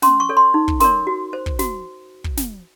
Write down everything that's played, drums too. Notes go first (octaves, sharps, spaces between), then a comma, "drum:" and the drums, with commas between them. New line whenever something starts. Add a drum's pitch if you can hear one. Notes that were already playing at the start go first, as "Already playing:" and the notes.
C#4 C6, drum: snare
C#6
A4 C#5
C6
D#4
drum: kick
A#4 C#5 C6, drum: snare
F#4
C5
drum: kick
F#4, drum: snare
drum: kick
drum: snare